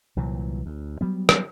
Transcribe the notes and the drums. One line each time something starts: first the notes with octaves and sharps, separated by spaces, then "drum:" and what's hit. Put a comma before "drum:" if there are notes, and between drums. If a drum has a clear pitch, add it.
C2 A#2 E3 F#3
D2
F#3 G3 B3
drum: rim click